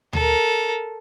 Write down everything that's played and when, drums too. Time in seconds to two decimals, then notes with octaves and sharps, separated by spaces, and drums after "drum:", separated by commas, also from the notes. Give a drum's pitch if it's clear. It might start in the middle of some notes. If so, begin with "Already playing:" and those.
0.13 A4 A#4, drum: tom D2